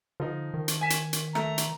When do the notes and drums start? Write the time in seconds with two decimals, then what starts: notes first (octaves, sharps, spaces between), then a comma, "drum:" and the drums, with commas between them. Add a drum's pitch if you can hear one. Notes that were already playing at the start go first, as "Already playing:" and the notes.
0.20 D3 F3 D#4
0.54 D#3
0.68 drum: hi-hat
0.81 G#5 B6 E7
0.90 drum: hi-hat
1.13 drum: hi-hat
1.35 A3 A#5, drum: rim click
1.58 drum: hi-hat